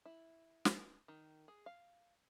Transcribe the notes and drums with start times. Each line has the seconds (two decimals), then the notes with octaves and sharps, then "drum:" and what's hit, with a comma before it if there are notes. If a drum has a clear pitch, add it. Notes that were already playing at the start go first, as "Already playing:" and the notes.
0.05 E4
0.65 drum: snare
1.08 D#3
1.48 G#4
1.66 F5